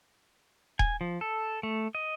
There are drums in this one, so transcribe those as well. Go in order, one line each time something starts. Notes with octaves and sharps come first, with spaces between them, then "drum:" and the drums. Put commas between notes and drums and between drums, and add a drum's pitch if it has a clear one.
G#5, drum: kick D#1
F3
A4
A3
D#5